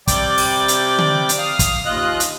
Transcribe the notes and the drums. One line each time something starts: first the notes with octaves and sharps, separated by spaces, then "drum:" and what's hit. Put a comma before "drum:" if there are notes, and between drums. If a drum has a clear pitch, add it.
C3 G3 D5 G5 D6, drum: kick, hi-hat
drum: open hi-hat
drum: hi-hat
drum: tom D3
drum: hi-hat
F5 D#6 F6
drum: kick, hi-hat
D#2 F4 D#5 F#6
drum: hi-hat